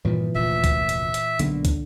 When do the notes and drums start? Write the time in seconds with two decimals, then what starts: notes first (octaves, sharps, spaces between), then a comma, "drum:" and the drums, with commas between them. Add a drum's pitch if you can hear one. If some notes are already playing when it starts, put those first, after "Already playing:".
0.05 G2 A#2 D#3 E3 G3
0.35 F1 D2 A#2 F3 E5
0.64 drum: kick, hi-hat
0.89 drum: hi-hat
1.14 drum: hi-hat
1.39 B1 D3 A#3, drum: hi-hat
1.65 drum: kick, hi-hat